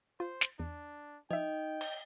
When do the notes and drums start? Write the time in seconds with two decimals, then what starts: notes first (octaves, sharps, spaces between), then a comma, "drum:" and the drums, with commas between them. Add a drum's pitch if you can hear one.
0.20 F4 C5
0.41 drum: snare
0.60 E2 D4
1.31 F3 D#4 D#5 E5 G5
1.81 drum: open hi-hat